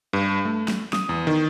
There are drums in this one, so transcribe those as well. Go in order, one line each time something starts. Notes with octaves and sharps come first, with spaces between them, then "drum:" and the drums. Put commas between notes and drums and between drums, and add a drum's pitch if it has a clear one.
G2
A3
drum: snare
D#6, drum: snare
E2
D#3